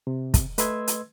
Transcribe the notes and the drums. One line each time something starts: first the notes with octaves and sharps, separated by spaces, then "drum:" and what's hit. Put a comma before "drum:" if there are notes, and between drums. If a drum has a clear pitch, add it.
C3
drum: kick, hi-hat
A3 B4 D#5 C6 E6 G#6, drum: hi-hat
drum: hi-hat